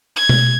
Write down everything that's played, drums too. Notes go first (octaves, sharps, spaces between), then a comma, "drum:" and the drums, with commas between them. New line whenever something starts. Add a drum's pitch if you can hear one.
G#6
drum: tom B2